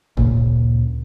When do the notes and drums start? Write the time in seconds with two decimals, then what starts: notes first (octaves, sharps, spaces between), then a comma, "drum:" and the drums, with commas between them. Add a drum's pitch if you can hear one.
0.17 D2 A#2 C#3 A#3, drum: kick